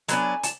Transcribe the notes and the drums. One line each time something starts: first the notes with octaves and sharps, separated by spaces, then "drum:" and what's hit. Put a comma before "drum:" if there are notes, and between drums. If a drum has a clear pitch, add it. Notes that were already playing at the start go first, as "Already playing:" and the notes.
F#3 B3 D4 G#5, drum: hi-hat
A5, drum: hi-hat